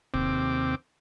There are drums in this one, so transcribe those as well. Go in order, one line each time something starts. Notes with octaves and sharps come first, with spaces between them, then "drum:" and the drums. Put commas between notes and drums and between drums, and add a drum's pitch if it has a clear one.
D#2 C3 C4 D6, drum: kick D1